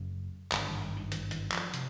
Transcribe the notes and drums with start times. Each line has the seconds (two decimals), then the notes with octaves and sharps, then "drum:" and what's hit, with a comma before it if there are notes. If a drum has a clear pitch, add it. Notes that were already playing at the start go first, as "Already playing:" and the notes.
Already playing: F#1 F#2 C#3
0.52 G#1 G2 D3 E3, drum: clap
0.66 E3
0.81 D3
0.97 D#3
1.12 E3, drum: hi-hat
1.31 E3, drum: hi-hat
1.52 F3, drum: clap
1.74 C3, drum: hi-hat